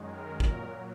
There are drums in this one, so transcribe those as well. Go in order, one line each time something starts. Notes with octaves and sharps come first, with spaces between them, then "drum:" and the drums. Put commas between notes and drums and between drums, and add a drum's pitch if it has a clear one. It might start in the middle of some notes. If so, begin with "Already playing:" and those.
Already playing: F#2 D#3 G#3
A#4
A#2 F#3 A#4, drum: kick